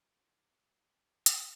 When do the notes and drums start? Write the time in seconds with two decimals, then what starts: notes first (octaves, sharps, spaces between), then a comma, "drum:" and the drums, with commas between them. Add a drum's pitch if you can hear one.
0.15 D#3 F3 F#4 D6
0.83 G5 A5 C6 D6
1.26 drum: hi-hat